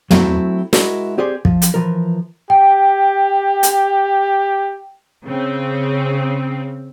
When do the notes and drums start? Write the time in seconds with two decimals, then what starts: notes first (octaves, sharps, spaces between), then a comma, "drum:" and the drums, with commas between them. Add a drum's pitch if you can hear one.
0.11 F#3 A3 C4 E4, drum: tom
0.73 G#3 E4 F#4 A#4, drum: snare
1.18 C4 G4 G#4 C5 D5
1.45 F3, drum: kick
1.62 drum: hi-hat
1.74 E3 F3 A#4
2.50 G4 G5
3.63 drum: hi-hat
5.24 C#3 C4